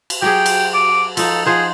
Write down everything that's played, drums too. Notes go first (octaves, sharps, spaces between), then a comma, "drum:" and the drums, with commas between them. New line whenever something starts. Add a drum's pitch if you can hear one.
drum: cymbal
F#3 G4 G#4 G5
drum: cymbal
D6
F3 D#4 A4, drum: cymbal
F3 G#4 C5 F#5